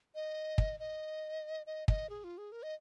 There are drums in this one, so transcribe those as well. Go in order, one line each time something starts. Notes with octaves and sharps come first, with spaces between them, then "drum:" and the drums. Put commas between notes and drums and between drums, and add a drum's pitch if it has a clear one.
D#5
drum: kick
D#5
D#5
D#5, drum: kick
G#4
F4
G#4
A#4
D#5